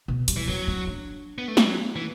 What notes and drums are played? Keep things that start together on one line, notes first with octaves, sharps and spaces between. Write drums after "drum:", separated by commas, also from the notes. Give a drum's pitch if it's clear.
B2
G3, drum: hi-hat
E3
F#3 C#4
C#4
D4
B3
A3
G3, drum: snare
F#3
E3